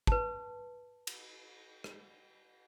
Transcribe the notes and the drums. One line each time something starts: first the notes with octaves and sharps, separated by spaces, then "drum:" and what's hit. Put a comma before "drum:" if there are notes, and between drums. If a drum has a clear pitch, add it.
B4 A5, drum: kick
drum: cymbal
drum: rim click